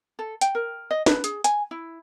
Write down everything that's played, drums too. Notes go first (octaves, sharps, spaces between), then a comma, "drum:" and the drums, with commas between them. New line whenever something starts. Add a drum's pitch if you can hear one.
A4
G5, drum: hi-hat
A#4
D#5
B4, drum: snare
G#4, drum: hi-hat
G#5, drum: hi-hat
E4